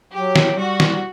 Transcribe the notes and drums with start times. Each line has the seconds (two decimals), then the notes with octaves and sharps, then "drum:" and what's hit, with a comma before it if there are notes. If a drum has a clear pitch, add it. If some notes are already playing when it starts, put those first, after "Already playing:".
0.13 F#3 G4
0.36 drum: snare
0.57 G3 F#4
0.80 drum: snare